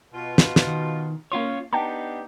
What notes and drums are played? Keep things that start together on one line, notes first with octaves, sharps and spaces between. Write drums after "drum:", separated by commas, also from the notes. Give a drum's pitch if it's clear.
B2 F4
drum: snare
drum: snare
D#3
A#3 C#4 F4 C#5 C6
B3 D4 D#4 G4 G5 A5 A#5